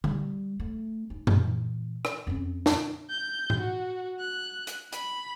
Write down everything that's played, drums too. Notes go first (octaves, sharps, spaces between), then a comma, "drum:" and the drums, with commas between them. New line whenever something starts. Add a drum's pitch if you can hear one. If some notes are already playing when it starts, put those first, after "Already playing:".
G3, drum: tom D3
A3
D#4
A#2 E3, drum: tom F#2
drum: rim click
F2 C#4
drum: snare
G6
drum: tom G#2
F#4
F#6
drum: hi-hat
B5, drum: hi-hat